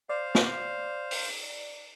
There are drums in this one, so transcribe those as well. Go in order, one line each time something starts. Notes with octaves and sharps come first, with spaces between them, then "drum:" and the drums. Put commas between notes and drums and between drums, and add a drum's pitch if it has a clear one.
C5 D5 F5
drum: snare
drum: open hi-hat